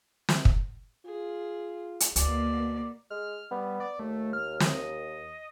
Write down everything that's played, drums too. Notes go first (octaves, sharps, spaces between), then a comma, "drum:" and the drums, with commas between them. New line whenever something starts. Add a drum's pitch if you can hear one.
drum: snare
drum: kick
F4 G#4
drum: hi-hat
D2 B2 A#3 B3 D5, drum: hi-hat
G#3 F6
G3 B3
D5
D#2 A3
F6
D#5, drum: snare